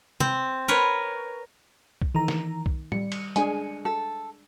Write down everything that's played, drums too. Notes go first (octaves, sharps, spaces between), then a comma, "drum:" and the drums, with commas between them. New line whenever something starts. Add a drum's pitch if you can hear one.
C4, drum: tom
A#4 B4 C#5
drum: kick B1
D#3 E3 A#5
drum: snare
drum: kick B1
G3 C#7, drum: tom
drum: cymbal
G#3 D4 G#4 G#5, drum: hi-hat
A4